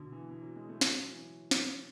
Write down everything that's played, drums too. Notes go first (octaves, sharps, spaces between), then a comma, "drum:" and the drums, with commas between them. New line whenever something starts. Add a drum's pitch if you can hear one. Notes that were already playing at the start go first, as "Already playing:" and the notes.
Already playing: B2 D3
E3
E3
F#3
G#3
A3
F#3, drum: snare
E3
drum: snare